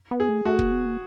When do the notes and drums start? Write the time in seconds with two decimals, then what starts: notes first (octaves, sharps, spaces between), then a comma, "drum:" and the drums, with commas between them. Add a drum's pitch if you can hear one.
0.11 B3
0.20 G#4
0.29 A3
0.45 A3 F#4
0.59 A#3, drum: kick
0.72 B3
0.86 A#3